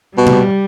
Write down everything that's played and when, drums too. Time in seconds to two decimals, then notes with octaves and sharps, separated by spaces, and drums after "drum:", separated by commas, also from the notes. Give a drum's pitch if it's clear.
0.17 B2 G3
0.27 drum: tom C3